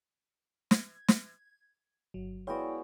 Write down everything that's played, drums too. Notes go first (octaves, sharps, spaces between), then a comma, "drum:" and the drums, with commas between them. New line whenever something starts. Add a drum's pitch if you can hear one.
G#6, drum: snare
drum: snare
G1 F#3
G#3 B3 E4 F#4 C#5 D5 F5 G5